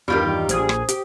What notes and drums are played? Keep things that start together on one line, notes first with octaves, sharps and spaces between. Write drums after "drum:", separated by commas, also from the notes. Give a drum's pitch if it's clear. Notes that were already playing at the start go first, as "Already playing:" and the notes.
E2 G2 D#3 G3 F4 G4 B5 G6
A#1 G#4 C5 D#6, drum: hi-hat
drum: rim click
G4, drum: hi-hat